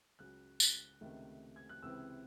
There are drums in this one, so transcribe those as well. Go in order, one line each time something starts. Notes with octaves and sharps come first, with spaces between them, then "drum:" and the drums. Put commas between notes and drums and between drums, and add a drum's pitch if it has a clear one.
C#2 C#3 F#3 C#4 F#6
F#6, drum: tambourine
C#2 C3 D#3 A3
G#6
F#6
C#2 C3 E3 C4 E6